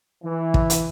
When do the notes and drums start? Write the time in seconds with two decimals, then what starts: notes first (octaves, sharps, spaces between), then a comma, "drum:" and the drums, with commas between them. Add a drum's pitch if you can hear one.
0.23 E3
0.54 drum: kick
0.70 drum: hi-hat